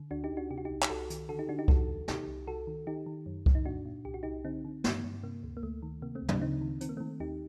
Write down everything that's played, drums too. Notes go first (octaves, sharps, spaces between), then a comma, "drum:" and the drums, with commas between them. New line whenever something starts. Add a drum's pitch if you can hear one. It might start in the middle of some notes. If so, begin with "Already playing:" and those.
Already playing: D3
D2 D4 F#4
D#4 G4
D2
D4 F#4
C3 G4
F#4
D#4 G4
C2
G4, drum: clap
C2 F#4 A4
D#3, drum: hi-hat
D3 F#4 A4
D#4 G4
D3 D4 F#4
D#4 G4
D#2 F#4 A4, drum: kick C2
D#2
C3 D#4 G4, drum: snare
C2
C2 F#4 A4
D#3
D#3 D#4 G4
D#3
F#2
F#2, drum: kick C2
D#4
A#2 D4 F#4
A#2
C2 G4
F#4
C2 D#4 G4
D3 C4 D#4
D3
G2, drum: snare
G2
C3 A#3
D2
A#3
D2 A3
D#3
C3 A#3
A3 C4
D2
A#3 D4, drum: tom
D2 C4 D#4
D#3
D#3 C4, drum: hi-hat
A#3
D#3 A3 C4
D#2 D#4 G4